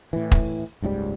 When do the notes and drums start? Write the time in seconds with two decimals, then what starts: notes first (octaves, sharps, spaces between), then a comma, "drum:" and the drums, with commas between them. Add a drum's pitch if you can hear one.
0.13 A2 E3
0.32 drum: kick
0.82 F#1 C#2 G#2 G3